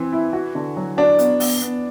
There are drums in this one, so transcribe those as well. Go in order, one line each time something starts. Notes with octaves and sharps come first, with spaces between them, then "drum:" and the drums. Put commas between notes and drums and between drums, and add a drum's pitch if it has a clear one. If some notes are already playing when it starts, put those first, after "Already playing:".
Already playing: E3 C4
E4
F#4
D3
F#3
D4 F#4
B3, drum: hi-hat
B3, drum: open hi-hat
B3